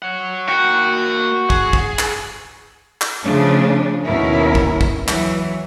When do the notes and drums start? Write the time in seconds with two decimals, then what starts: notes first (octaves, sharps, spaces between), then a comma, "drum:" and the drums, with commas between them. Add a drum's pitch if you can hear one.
0.02 C#5 F#5
0.48 A#3 F#4 G5
1.50 G#4, drum: kick
1.73 drum: kick
1.99 drum: clap
3.01 drum: clap
3.23 C#3 F3 A3 D4
4.04 D#2 B2 C#4 E4 A#4
4.55 drum: kick
4.81 drum: kick
5.08 E3 F#3, drum: clap